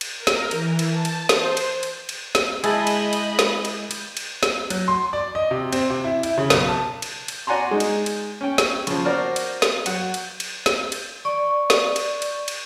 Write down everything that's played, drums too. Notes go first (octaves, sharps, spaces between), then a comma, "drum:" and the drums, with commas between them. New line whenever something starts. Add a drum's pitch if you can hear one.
drum: cymbal
A#4
drum: snare
E3, drum: cymbal
drum: cymbal
A5
drum: cymbal
C5, drum: snare
drum: cymbal
drum: cymbal
drum: cymbal
drum: snare
G#3 E4 G#4 D#5 E5 A5 B5, drum: cymbal
drum: cymbal
drum: cymbal
drum: snare
drum: cymbal
drum: cymbal
drum: cymbal
drum: snare
F#3, drum: cymbal
C6
D5
D#5
C3
C4, drum: cymbal
C3
E4
E4, drum: cymbal
C#3
B1, drum: snare
A5
drum: cymbal
drum: cymbal
F#4 D5 F#5 G#5 A#5 C6
G#3 D#4
drum: cymbal
drum: cymbal
C#4 G5
drum: snare
C#3 F3, drum: cymbal
F#4 A#4 C5 D5
drum: cymbal
drum: snare
F#3 F#5, drum: cymbal
drum: cymbal
drum: cymbal
drum: snare
drum: cymbal
D5 C#6
drum: snare
drum: cymbal
drum: cymbal
drum: cymbal